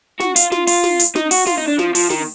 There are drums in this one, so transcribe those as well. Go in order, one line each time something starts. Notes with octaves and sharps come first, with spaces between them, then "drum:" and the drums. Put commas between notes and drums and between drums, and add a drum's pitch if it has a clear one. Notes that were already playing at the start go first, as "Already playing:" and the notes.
F#4, drum: snare
F4, drum: hi-hat
F4, drum: snare
F4, drum: open hi-hat
drum: snare
drum: hi-hat
D#4, drum: snare
F#4, drum: open hi-hat
F4, drum: snare
D#4
D4
F3, drum: snare
F3, drum: open hi-hat
D#3, drum: snare